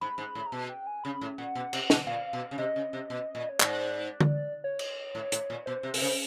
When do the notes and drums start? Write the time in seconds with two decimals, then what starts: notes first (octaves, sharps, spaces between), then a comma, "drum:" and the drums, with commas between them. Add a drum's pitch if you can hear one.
0.01 G#2 B5
0.18 G#2
0.35 A2
0.46 A#5
0.52 B2 A5
0.69 G5
0.87 G#5
1.04 C#3 B5
1.21 A2
1.38 A#2 F#5
1.55 B2
1.73 C3, drum: cymbal
1.90 B2, drum: snare
2.07 A#2 F5
2.33 B2
2.51 C#3
2.58 C3 D#5
2.76 C#3
2.93 C3
3.10 B2
3.35 A#2
3.49 C#5
3.60 G#2 D5, drum: clap
4.20 drum: tom D3
4.64 C#5
4.79 drum: cymbal
5.15 A2
5.32 A2, drum: hi-hat
5.50 A#2
5.66 B2 C5
5.83 C3
5.94 C3, drum: open hi-hat
6.01 C#3